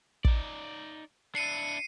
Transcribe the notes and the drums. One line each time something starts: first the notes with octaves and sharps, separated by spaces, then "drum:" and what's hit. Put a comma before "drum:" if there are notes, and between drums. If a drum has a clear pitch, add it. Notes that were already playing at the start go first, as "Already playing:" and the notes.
D#4 D5, drum: kick
D4 E4 C7 C#7 D#7